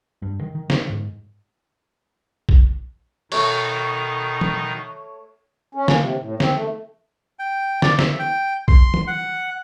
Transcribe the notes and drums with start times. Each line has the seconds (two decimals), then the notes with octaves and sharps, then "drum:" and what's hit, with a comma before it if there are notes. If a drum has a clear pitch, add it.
0.22 G2
0.41 D#3
0.55 D#3
0.70 D3, drum: snare
0.90 G#2
2.49 drum: kick A#1
3.32 B2 D#3 A3 D#4 C#5, drum: cymbal
4.41 drum: tom
5.75 C#4
5.88 A#3, drum: snare
6.00 C3
6.20 A2
6.40 C4, drum: snare
6.54 A3
7.39 G5
7.82 D5, drum: snare
7.99 E5, drum: snare
8.19 G5
8.68 C6, drum: kick A#1
8.94 drum: tom
9.07 F#5